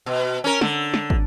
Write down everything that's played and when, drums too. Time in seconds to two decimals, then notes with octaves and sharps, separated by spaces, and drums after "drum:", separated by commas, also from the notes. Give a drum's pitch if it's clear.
0.06 B2
0.44 C#4 A#4
0.61 D3, drum: snare
0.94 drum: snare
1.10 drum: kick